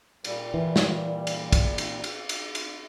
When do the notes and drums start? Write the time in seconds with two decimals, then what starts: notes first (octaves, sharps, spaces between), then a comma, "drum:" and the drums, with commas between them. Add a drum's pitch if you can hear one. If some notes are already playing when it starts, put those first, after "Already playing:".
0.25 A#2 G3, drum: cymbal
0.54 E3
0.76 drum: snare
1.27 drum: cymbal
1.53 drum: kick, cymbal
1.78 drum: cymbal
2.04 drum: cymbal
2.29 drum: cymbal
2.55 drum: cymbal